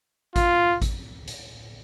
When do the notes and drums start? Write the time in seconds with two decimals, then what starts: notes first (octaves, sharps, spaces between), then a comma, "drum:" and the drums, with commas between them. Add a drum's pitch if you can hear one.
0.36 F4, drum: kick A1, hi-hat
0.82 drum: kick A1, hi-hat
1.27 drum: hi-hat